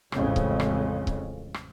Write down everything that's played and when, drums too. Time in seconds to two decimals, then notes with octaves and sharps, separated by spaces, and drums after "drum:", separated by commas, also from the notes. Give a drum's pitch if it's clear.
0.12 A1 F2 C#3 G#3, drum: rim click
0.36 drum: kick C#1
0.60 drum: rim click
1.07 drum: kick C#1
1.54 drum: rim click